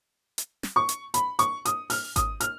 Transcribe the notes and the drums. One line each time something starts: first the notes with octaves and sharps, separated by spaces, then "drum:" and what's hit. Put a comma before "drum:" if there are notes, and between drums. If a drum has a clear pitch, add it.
drum: hi-hat
drum: snare
C#6
drum: hi-hat
B5, drum: hi-hat
C#6, drum: hi-hat
D#6, drum: hi-hat
F6, drum: open hi-hat
D#6, drum: kick G#1, hi-hat
F6, drum: hi-hat